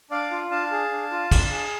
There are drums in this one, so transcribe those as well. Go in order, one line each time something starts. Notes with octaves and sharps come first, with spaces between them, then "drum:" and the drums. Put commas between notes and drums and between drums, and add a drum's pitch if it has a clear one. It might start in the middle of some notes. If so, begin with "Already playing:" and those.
D4 D5 F5
F4
D4 F5 A5
G#4
D4
F4
D4, drum: kick, cymbal
G#4